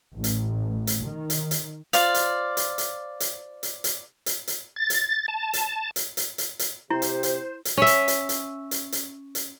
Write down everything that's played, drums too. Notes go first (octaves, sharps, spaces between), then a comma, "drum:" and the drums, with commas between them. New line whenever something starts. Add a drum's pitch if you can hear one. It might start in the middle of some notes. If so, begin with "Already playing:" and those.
A1
drum: hi-hat
drum: hi-hat
D#3
drum: hi-hat
drum: hi-hat
F4 C5 D5 F5, drum: hi-hat
drum: hi-hat
drum: hi-hat
drum: hi-hat
drum: hi-hat
drum: hi-hat
drum: hi-hat
drum: hi-hat
drum: hi-hat
A6
drum: hi-hat
A5
drum: hi-hat
drum: hi-hat
drum: hi-hat
drum: hi-hat
drum: hi-hat
C3 E4 G4 C5
drum: hi-hat
drum: hi-hat
drum: hi-hat
C#4 E5
drum: hi-hat
drum: hi-hat
drum: hi-hat
drum: hi-hat
drum: hi-hat
drum: hi-hat